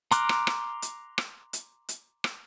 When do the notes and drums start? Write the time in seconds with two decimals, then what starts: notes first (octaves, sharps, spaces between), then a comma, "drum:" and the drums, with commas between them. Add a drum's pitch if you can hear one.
0.11 A#5 C6 D6 F6 F#6, drum: hi-hat
0.29 drum: rim click
0.47 drum: rim click
0.82 drum: hi-hat
1.18 drum: rim click
1.53 drum: hi-hat
1.89 drum: hi-hat
2.24 drum: rim click